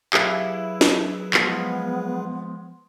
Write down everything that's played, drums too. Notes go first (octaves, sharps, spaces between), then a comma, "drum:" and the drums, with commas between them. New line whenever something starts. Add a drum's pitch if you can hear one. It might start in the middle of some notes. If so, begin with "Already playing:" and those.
F#3 E4 G4 G#4 B4 E5 F5, drum: clap
drum: snare
F3 G#3 B3, drum: clap